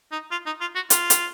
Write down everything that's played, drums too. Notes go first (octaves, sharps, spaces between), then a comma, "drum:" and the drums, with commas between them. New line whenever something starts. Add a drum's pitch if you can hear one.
D#4
F4
D#4
F4
F#4
F4, drum: hi-hat
drum: hi-hat